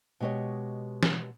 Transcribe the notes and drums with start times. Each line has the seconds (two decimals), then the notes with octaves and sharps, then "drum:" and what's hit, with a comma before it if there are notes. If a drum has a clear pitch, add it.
0.20 B2 G#3 G4 C#5 D#5
1.03 drum: snare